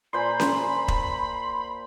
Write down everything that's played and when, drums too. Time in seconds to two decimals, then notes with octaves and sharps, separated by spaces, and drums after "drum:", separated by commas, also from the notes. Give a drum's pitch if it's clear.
0.13 A#2 C5 G#5 B5 C6
0.40 drum: snare C#4
0.88 drum: kick